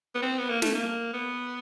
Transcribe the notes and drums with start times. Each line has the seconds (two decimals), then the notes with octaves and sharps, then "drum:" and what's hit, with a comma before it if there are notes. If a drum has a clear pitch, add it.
0.15 B3
0.22 C4
0.38 B3
0.50 A#3
0.62 A3, drum: snare
0.74 A#3
1.13 B3